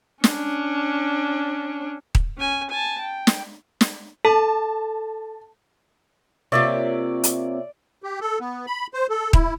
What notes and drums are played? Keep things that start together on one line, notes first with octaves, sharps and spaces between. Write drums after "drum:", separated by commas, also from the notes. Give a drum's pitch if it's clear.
C#4 D4, drum: snare
drum: kick D#1
C#4 G#5
G#5 A5
G5
drum: snare
drum: snare
A4 A5
C3 A#3 F4 C#5 D5 E5
drum: hi-hat
G4
A4
B3
B5
C5
A4
E4, drum: kick D#1